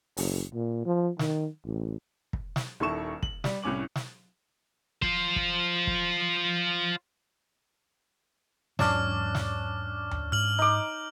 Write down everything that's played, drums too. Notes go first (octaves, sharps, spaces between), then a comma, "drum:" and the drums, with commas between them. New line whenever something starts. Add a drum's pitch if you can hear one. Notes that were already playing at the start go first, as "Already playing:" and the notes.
F#1, drum: open hi-hat
A#2
F3
D#3, drum: snare
A1
drum: kick
drum: snare
D#1 D#3 E4 A4 C#6 E7
F#7, drum: kick
G3, drum: snare
C2 A2 C#4 D6 F#7
drum: snare
F4 C5, drum: kick
drum: kick
drum: kick
E2 G#2 F#3 C#4 D4 D6 F6, drum: snare
drum: snare
drum: tom D2
G#2 F6 F#7
D#4 D6